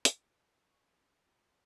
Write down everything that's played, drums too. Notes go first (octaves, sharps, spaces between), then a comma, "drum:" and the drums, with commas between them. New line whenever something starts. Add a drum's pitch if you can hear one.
drum: hi-hat
F#4 B4
C#6
C#4 G4 G#4
F4 G4 A#5
C3 D5